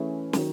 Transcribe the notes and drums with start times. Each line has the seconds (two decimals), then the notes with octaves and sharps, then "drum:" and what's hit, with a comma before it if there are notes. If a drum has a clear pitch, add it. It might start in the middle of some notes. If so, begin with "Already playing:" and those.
Already playing: E3 A3 C#4 E4 G#4
0.33 D#3 F#3, drum: snare